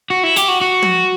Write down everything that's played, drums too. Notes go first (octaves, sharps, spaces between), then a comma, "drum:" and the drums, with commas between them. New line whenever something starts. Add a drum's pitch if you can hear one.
F#4
E4
G4, drum: hi-hat
F#4
F#4
drum: tom